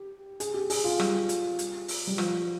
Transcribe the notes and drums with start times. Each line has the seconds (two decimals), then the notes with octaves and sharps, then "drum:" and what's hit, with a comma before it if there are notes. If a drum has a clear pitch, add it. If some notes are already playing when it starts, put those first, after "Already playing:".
Already playing: G4
0.40 G#4, drum: hi-hat
0.54 G4
0.70 G#4, drum: open hi-hat
0.84 F4
1.00 G3, drum: rim click
1.29 drum: hi-hat
1.59 drum: hi-hat
1.88 drum: open hi-hat
2.07 G3
2.18 F3, drum: rim click